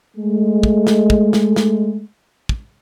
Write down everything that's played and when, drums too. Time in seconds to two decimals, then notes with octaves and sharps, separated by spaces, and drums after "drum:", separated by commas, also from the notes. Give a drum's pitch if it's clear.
0.17 G#3 A3
0.63 drum: kick
0.87 drum: snare
1.10 drum: kick
1.33 drum: snare
1.56 drum: snare
2.49 drum: kick